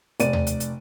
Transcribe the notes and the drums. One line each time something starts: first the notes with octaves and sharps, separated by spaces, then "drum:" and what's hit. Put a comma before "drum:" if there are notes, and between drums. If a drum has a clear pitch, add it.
F1 D5 D#7, drum: hi-hat
drum: tom D#2
drum: hi-hat
drum: hi-hat